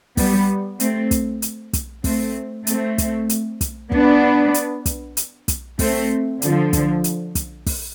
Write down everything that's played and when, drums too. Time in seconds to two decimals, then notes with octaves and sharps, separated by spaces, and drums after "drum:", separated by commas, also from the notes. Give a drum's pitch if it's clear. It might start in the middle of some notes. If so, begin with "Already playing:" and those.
0.17 G3 B3, drum: kick, open hi-hat
0.80 A3 C4, drum: hi-hat
1.11 drum: kick, hi-hat
1.42 drum: hi-hat
1.73 drum: kick, hi-hat
2.04 A3 C4, drum: kick, open hi-hat
2.67 A3 C4, drum: hi-hat
2.98 drum: kick, hi-hat
3.29 drum: hi-hat
3.61 drum: kick, hi-hat
3.92 B3 D4, drum: kick
4.54 drum: hi-hat
4.86 drum: kick, hi-hat
5.17 drum: hi-hat
5.48 drum: kick, hi-hat
5.79 A3 C4, drum: kick, open hi-hat
6.42 D3 F3, drum: hi-hat
6.73 drum: kick, hi-hat
7.04 drum: hi-hat
7.35 drum: kick, hi-hat
7.66 drum: kick, open hi-hat